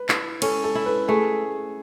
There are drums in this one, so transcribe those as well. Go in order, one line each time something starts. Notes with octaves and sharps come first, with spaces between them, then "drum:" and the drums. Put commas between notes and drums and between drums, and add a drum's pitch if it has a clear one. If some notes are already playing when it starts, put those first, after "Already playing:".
Already playing: B4
E4, drum: clap
C#4 A4, drum: cymbal
A4
E4
B4
A3 G#4